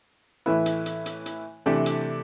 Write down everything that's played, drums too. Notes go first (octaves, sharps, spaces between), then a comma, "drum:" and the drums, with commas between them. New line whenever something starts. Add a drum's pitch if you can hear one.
A2 E3 A3 E4 B4
drum: hi-hat
drum: hi-hat
drum: hi-hat
drum: hi-hat
C3 E3 A3 D4 G4
drum: hi-hat